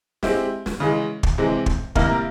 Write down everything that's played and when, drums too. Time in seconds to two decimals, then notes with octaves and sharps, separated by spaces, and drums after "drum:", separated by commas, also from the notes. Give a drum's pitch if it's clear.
0.23 G#3 C4 E4 G4, drum: snare
0.66 drum: snare
0.80 C#3 E3 G#3
1.23 drum: kick
1.38 C3 E3 G#3 C4
1.66 drum: kick
1.95 C3 G3 A#3 E4 A#4, drum: kick